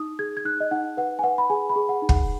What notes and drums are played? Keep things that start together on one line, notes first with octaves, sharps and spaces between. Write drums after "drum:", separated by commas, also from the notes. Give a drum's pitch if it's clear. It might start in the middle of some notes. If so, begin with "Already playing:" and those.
Already playing: D#4 D#6
G#4 G#6
G#6
D#4 F#6
D#5
D#4 F#5
B4 F#5
G#5
B4 F#5
B5
G#4 G#5
B5
G#4
F#5
D#4
F#5, drum: kick